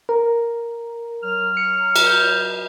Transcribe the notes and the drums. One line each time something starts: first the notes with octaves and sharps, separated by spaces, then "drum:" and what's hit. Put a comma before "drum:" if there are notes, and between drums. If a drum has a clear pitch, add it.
A#4
F#3 F6
C#7
drum: cymbal
G6